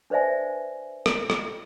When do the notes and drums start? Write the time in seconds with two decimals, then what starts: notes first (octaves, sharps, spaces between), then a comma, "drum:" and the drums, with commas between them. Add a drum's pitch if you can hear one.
0.10 D4 B4 C5 D5 E5 G#5
1.06 drum: rim click
1.30 drum: rim click